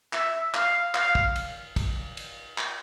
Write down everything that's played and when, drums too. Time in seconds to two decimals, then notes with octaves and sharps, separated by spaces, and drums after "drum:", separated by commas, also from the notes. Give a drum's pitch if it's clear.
0.13 E5, drum: clap
0.54 F5, drum: clap
0.95 F5, drum: clap
1.15 drum: kick
1.36 drum: cymbal
1.76 drum: kick, cymbal
2.17 drum: cymbal
2.58 drum: clap